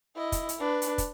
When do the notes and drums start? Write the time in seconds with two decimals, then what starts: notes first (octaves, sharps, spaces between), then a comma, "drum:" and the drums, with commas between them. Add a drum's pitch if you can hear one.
0.16 E4 D#5
0.32 drum: kick, hi-hat
0.49 drum: hi-hat
0.59 D4 B4
0.82 drum: hi-hat
0.98 drum: kick, hi-hat